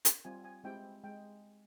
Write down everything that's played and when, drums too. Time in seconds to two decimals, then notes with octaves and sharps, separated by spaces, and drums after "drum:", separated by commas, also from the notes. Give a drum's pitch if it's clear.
0.05 drum: hi-hat
0.25 G3 C4 F4 G#5
0.44 G#5
0.64 G#3 C4 E4 G4 G5
1.04 G#3 G5